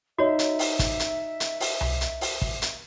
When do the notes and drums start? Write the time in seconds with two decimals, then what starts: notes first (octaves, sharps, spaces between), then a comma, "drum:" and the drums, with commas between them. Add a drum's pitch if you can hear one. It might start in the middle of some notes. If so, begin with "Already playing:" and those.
0.18 D#4 F#4 C#5 E5
0.39 drum: hi-hat
0.59 drum: open hi-hat
0.79 drum: kick, hi-hat
1.00 drum: hi-hat
1.40 drum: hi-hat
1.60 drum: open hi-hat
1.81 drum: tom C2
2.01 drum: hi-hat
2.21 drum: open hi-hat
2.42 drum: kick
2.62 drum: hi-hat